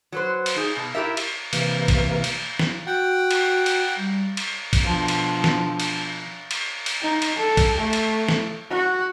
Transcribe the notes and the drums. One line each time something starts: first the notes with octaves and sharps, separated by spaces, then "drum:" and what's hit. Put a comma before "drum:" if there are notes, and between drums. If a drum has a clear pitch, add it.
F#3 B4 C5
drum: cymbal
D#4 G#4
B2
E4 G4 A#4 E5
drum: cymbal
C3 E3 A#3, drum: cymbal
drum: kick, cymbal
drum: cymbal
drum: snare
F#4 F#5 G5
drum: cymbal
drum: cymbal
G3
drum: cymbal
drum: kick, cymbal
B2 D3 F3
drum: cymbal
drum: snare
drum: cymbal
drum: cymbal
drum: cymbal
D#4
drum: cymbal
A4
drum: kick, cymbal
A3
drum: cymbal
drum: snare
F#4